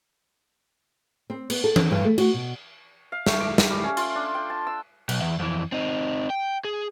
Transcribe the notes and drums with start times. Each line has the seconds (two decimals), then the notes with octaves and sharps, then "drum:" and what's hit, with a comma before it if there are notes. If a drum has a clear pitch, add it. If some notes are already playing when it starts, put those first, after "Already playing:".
1.30 C4
1.50 B3, drum: cymbal
1.64 A4
1.76 drum: tom E3
1.91 G2
2.05 A3
2.18 F#4, drum: cymbal
2.34 B2
3.12 F5
3.27 A3, drum: snare
3.40 D6
3.58 F5, drum: snare
3.70 G3
3.83 C#4
3.97 F4, drum: cymbal
4.15 D4
4.35 G5
4.50 A5
4.67 E6
5.09 B1, drum: cymbal
5.22 E2
5.40 F2 E3
5.72 C4 D#4
6.30 G5
6.65 G#4